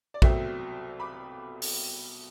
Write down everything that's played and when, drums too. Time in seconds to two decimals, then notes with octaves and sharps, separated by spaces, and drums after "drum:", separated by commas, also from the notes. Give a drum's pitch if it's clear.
0.14 D5
0.22 C2 B2 F#3 A3 C4 E5, drum: kick A#1
1.00 B5 D6
1.62 drum: open hi-hat